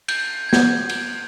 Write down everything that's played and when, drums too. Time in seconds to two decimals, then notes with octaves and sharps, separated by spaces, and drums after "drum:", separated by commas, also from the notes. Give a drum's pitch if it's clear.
0.08 G6, drum: cymbal
0.49 G#6
0.53 G6, drum: snare
0.89 drum: cymbal